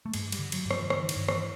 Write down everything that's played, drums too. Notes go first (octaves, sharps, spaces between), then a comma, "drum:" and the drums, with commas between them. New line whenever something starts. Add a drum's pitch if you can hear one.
A3
G2 G#3, drum: cymbal
G3, drum: cymbal
D3
F#3, drum: cymbal
G2
F3, drum: rim click
D#3
D3 E3, drum: rim click
D#3, drum: cymbal
G2
E3, drum: rim click